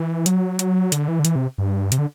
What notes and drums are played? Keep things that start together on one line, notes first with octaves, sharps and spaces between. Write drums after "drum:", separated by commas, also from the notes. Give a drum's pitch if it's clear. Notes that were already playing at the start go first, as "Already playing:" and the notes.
Already playing: E3
F#3, drum: hi-hat
drum: hi-hat
D3, drum: hi-hat
E3
D3
E3, drum: hi-hat
C3
G2
C3, drum: hi-hat
D3